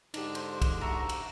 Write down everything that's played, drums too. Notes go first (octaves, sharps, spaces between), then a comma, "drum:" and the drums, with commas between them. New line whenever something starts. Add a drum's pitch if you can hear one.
G#2 D3 D4 D#4 G4, drum: cymbal
C5, drum: cymbal
drum: kick, cymbal
F#4 E5 A#5
drum: cymbal